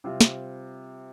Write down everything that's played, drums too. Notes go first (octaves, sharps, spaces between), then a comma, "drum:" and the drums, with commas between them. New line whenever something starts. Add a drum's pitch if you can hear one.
C3 G3 C4 F4
drum: snare